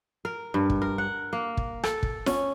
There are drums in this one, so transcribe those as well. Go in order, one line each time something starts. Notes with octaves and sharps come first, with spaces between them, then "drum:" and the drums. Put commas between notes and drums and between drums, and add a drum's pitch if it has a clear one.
A#4
G2
drum: kick
A#4
F#5
A#3
drum: kick
A4, drum: rim click
drum: kick
C#4, drum: snare